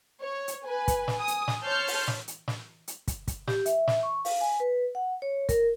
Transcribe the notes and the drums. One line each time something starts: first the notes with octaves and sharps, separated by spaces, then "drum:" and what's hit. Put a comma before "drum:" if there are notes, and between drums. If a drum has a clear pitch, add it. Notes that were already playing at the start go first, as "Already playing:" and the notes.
C#5
drum: hi-hat
B4 G#5
drum: kick, hi-hat
drum: snare
G#5 D#6
drum: hi-hat
drum: snare
C#5 A5 C6 F6 G6 C#7
drum: open hi-hat
drum: snare
drum: hi-hat
drum: snare
drum: hi-hat
drum: kick, hi-hat
drum: kick, hi-hat
G4, drum: snare
E5, drum: hi-hat
drum: snare
C#6
F5, drum: open hi-hat
G#5
B4
F#5
C#5
A#4, drum: kick, hi-hat